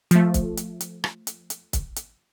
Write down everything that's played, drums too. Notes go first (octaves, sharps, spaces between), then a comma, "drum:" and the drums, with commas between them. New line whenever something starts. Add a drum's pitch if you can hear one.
F3 A3, drum: hi-hat
drum: kick, hi-hat
drum: hi-hat
drum: hi-hat
drum: rim click
drum: hi-hat
drum: hi-hat
drum: kick, hi-hat
drum: hi-hat